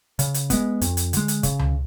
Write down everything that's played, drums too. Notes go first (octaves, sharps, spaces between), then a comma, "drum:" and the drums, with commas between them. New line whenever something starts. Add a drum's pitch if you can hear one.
C#3, drum: hi-hat
drum: hi-hat
G#3 B3, drum: kick, hi-hat
F2, drum: hi-hat
drum: hi-hat
D3 G#3, drum: hi-hat
drum: hi-hat
C#3, drum: kick, hi-hat
drum: tom C#2